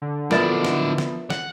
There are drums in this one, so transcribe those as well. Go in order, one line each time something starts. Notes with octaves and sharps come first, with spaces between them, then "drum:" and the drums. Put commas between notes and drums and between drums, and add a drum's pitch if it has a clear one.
D3
F3 B3 D4 E4 A#4 D5 E5, drum: snare
drum: snare
drum: snare
F#5, drum: snare